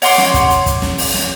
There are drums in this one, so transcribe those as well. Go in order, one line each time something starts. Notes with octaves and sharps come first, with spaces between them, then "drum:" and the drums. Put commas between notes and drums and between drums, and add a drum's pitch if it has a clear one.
C#5 F#5 C6 D6, drum: open hi-hat
drum: snare
drum: kick, hi-hat
drum: hi-hat
drum: kick, hi-hat
drum: snare
drum: open hi-hat
drum: snare